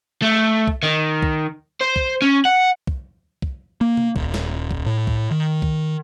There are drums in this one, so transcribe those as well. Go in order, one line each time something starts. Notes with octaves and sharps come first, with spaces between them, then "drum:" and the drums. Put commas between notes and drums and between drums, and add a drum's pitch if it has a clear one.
A3
drum: kick
D#3
drum: kick
C5
drum: kick
C#4
F#5
drum: kick
drum: kick
A#3
drum: tom C3
D#1, drum: kick
drum: snare
drum: kick
A2
drum: kick
D#3
drum: kick